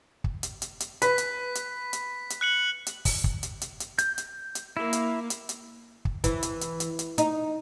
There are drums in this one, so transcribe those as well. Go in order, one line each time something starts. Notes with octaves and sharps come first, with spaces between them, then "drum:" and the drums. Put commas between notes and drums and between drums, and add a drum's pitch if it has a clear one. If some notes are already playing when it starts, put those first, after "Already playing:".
drum: kick
drum: hi-hat
drum: hi-hat
drum: hi-hat
B4 B6, drum: hi-hat
drum: hi-hat
drum: hi-hat
drum: hi-hat
drum: hi-hat
F#6 C#7 F#7
drum: hi-hat
drum: kick, open hi-hat
drum: kick
drum: hi-hat
drum: hi-hat
drum: hi-hat
G6, drum: hi-hat
drum: hi-hat
drum: hi-hat
A#3 E4
drum: hi-hat
drum: hi-hat
drum: hi-hat
drum: kick
E3, drum: kick, hi-hat
drum: hi-hat
drum: hi-hat
drum: hi-hat
drum: hi-hat
D#4, drum: hi-hat